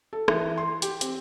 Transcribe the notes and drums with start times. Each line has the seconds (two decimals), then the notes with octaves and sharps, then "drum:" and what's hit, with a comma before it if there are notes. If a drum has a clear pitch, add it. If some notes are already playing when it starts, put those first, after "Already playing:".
0.13 A4
0.28 E3, drum: rim click
0.58 C6
0.82 G4, drum: hi-hat
1.01 C4, drum: hi-hat